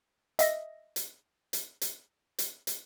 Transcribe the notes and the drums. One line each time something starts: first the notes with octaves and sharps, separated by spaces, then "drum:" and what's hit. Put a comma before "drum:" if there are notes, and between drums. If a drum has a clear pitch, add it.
D#5 E5 A#6, drum: hi-hat
drum: hi-hat
drum: hi-hat
drum: hi-hat
drum: hi-hat
drum: hi-hat